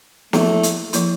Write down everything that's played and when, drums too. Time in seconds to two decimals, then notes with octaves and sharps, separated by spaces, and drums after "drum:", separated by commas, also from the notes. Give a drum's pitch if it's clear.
0.33 F3 A3 A#3 E4, drum: snare
0.63 drum: hi-hat
0.93 F3 A#3 E4, drum: hi-hat